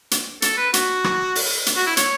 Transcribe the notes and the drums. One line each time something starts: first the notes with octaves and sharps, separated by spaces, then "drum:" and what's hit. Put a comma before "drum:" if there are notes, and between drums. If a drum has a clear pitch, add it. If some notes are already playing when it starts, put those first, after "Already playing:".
drum: hi-hat
A4, drum: hi-hat
B4
F#4, drum: hi-hat
drum: rim click
drum: open hi-hat
drum: hi-hat
F#4
E4
C#5, drum: hi-hat